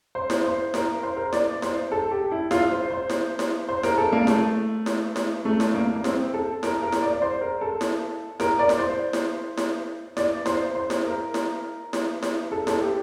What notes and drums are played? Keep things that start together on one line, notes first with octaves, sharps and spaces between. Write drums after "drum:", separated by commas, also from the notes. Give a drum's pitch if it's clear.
C5
drum: snare E4
C5
A#4, drum: snare E4
C5
A#4
C5
D5, drum: snare E4
C5, drum: snare E4
A4
G4
E4
F4, drum: snare E4
C5
C5
drum: snare E4
drum: snare E4
C5
A#4, drum: snare E4
A4
A#3
A3, drum: snare E4
drum: snare E4
drum: snare E4
A3
drum: snare E4
A#3
A#3
C4, drum: snare E4
A4
A#4, drum: snare E4
A#4
drum: snare E4
D5
D5
C5
A#4
A4
drum: snare E4
A#4, drum: snare E4
D5
drum: snare E4
C5
drum: snare E4
drum: snare E4
D5, drum: snare E4
C5, drum: snare E4
C5
drum: snare E4
A#4
drum: snare E4
drum: snare E4
drum: snare E4
A4
A4, drum: snare E4
G4